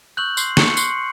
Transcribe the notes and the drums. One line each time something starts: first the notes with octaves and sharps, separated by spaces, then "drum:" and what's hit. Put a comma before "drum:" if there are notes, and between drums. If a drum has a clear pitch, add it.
C#6 E6 F#6 G6 F#7
C6 C7, drum: tambourine
C#6 C#7, drum: snare
C6 C#6 F#6 C7, drum: tambourine